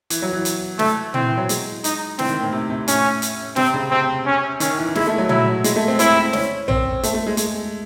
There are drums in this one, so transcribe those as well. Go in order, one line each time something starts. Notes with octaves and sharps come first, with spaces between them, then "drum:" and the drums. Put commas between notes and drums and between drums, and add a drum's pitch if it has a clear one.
E3, drum: hi-hat
F#3
E3
drum: hi-hat
A3, drum: snare
E3 C4, drum: tom A#2
E3
F#3
G#3, drum: hi-hat
D#4, drum: hi-hat
E3 C4, drum: snare
D#3
A2
C3
C3
A2 C#4, drum: hi-hat
drum: hi-hat
C3 C4, drum: snare
C#3
C3 C4
C#4
D#3 C#4, drum: hi-hat
E3
G#3 E4, drum: snare
A3
F#3
F#3 E4, drum: tom A#2
G#3, drum: hi-hat
A3
C4
C4 E4, drum: hi-hat
C#4, drum: snare
C4, drum: tom A#1
A3, drum: hi-hat
A3
G#3
G#3, drum: hi-hat